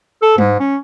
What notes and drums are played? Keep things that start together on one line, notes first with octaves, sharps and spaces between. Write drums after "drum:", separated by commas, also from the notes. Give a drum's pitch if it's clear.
A4
G#2, drum: tom G3
C#4